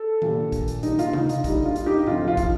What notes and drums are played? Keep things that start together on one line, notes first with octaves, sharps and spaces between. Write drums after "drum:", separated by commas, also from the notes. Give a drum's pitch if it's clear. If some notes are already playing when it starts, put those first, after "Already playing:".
Already playing: A4
A#1 A#2 G3, drum: tom D#3
drum: kick, hi-hat
drum: hi-hat
D#2 D#3 G3 D#4, drum: hi-hat
F4, drum: hi-hat
D#4, drum: tom C3
F4, drum: hi-hat
D2 D3 G3 D#4, drum: kick, hi-hat
F4
drum: hi-hat
D#4 G4
D2 C3 F3 F4, drum: tom G#2
F4
drum: kick, hi-hat